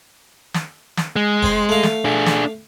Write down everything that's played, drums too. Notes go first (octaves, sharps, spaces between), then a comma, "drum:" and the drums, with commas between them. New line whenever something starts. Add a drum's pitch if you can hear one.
drum: snare
drum: snare
G#3
C4 C5, drum: kick F1
A3 F5
drum: snare
D4 G#4
drum: snare